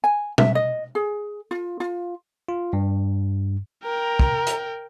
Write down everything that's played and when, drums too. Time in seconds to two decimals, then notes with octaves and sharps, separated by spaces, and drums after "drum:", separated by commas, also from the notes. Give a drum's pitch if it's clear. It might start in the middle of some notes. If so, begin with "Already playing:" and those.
0.04 G#5
0.38 E5, drum: tom B2
0.55 D#5
0.95 G#4
1.51 F4
1.80 F4
2.49 F4
2.73 G2
3.84 A#4 G5 A#5
4.19 drum: kick
4.47 drum: hi-hat